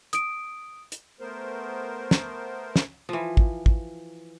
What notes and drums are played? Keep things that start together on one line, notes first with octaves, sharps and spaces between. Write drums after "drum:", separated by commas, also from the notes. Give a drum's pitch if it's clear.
D#6 D7, drum: hi-hat
drum: hi-hat
A3 B3 A#4 C5
drum: snare
drum: snare
E3 F3
drum: kick
drum: kick